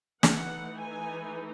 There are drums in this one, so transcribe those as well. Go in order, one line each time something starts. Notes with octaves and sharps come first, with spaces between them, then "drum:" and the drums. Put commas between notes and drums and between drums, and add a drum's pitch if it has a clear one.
E3 A3 D#4 F#5, drum: snare
G#5